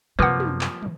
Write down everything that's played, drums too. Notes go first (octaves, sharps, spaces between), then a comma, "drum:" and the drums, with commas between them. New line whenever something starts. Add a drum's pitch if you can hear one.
F#2 C3 F3 G3 A#3 B4 F#5
drum: tom
drum: clap
drum: tom